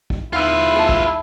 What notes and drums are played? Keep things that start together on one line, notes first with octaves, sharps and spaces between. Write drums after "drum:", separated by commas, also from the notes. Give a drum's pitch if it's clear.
drum: kick
D#2 E4 F4 B4 F5 E6
G#4 A5
drum: kick